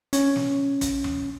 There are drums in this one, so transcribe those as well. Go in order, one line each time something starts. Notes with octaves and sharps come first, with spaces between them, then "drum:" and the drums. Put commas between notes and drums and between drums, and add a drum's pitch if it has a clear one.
C#4, drum: hi-hat
drum: snare
drum: kick, hi-hat
drum: tom D#2